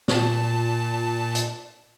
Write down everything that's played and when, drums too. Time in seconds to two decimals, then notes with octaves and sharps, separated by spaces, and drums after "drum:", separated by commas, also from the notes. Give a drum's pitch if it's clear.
0.08 A#2 A5, drum: snare
1.35 drum: hi-hat